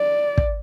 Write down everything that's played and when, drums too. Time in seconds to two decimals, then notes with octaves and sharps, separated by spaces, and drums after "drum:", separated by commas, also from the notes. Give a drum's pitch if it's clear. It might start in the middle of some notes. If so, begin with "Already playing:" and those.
Already playing: D5
0.38 drum: kick